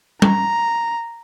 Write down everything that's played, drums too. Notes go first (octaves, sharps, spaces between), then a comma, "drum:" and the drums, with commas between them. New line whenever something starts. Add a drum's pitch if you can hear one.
A#5, drum: tom